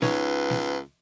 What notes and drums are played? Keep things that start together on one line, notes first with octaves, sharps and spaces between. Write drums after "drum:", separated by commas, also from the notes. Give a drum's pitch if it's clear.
C#2 D#4 B4 C#5, drum: snare
drum: snare